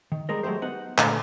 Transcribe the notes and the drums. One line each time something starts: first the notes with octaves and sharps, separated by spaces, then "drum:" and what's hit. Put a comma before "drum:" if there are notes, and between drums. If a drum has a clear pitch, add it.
D#3
G3 G#3 A#4 D#5
F#3 G#3 A3 G4 C5
B3 D#4 F#5
A#2 D3 A3 B3, drum: clap